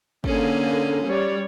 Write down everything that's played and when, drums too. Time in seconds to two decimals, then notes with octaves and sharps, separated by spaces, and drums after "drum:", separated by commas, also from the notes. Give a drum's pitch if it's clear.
0.24 D3 A#3 C#4 G#4, drum: kick
1.06 G3 C#5 D5